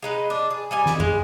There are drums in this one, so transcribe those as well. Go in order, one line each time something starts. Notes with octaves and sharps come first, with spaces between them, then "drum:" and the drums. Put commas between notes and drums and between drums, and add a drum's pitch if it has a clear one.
G#3 D#4 B4
D4
G#4
G3 D#5 G#5
drum: snare
G#3 G#4, drum: tom F#2